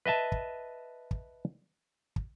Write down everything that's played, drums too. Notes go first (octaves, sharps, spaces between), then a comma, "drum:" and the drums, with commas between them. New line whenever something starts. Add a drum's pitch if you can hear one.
B4 D#5 E5 A5
drum: kick
drum: kick
drum: kick